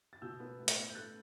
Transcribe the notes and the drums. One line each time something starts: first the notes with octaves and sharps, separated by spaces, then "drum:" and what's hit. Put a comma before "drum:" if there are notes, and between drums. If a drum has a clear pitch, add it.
A6
B2 E6 G6
B3
A2
drum: hi-hat
B3
G6
A3 F#6 A6